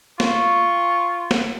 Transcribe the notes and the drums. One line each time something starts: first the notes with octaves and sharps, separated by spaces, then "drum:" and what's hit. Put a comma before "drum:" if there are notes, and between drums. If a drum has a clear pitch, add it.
F4 C#6, drum: snare
drum: snare